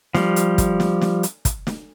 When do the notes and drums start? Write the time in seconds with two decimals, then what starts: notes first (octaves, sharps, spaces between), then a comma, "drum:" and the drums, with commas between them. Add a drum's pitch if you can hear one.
0.15 F3 G3, drum: snare
0.36 drum: hi-hat
0.58 drum: kick, hi-hat
0.80 drum: snare
1.01 drum: snare
1.23 drum: hi-hat
1.45 drum: kick, hi-hat
1.67 drum: snare